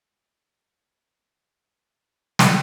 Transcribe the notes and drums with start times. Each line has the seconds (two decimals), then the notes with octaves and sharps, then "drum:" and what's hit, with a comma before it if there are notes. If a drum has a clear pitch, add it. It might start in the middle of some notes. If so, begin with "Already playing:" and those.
Already playing: G#3
0.13 B4 C#5 E5
0.26 G5
0.33 F#5
0.65 F5
0.95 F#5
1.16 G5
2.39 drum: snare